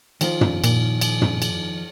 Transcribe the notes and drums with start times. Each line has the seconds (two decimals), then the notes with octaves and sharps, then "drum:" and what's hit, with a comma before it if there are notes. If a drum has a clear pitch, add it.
0.21 D#3 F3 F4, drum: cymbal
0.41 drum: tom
0.64 A#2, drum: cymbal
1.01 drum: cymbal
1.22 drum: tom
1.42 drum: cymbal